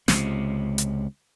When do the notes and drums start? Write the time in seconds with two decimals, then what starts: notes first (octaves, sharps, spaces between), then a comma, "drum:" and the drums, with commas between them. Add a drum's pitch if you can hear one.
0.08 C#2 C3, drum: snare
0.78 drum: hi-hat